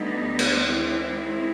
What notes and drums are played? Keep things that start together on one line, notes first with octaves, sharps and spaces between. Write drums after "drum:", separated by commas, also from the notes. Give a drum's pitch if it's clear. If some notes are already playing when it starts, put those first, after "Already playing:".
Already playing: D2 D3 G3 B3 D#4
drum: cymbal
D#3 G#3 C4 E4